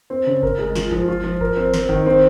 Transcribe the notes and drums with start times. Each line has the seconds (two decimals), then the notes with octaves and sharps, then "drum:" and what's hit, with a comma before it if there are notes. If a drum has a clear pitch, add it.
0.10 C4
0.26 C#3
0.43 A#4, drum: kick G1
0.59 G#3
0.76 F4, drum: snare
0.92 F3, drum: kick G1
1.09 F4
1.24 F3
1.41 A#4, drum: kick G1
1.56 C4
1.74 C4, drum: snare
1.89 D#3, drum: kick G1
2.06 C4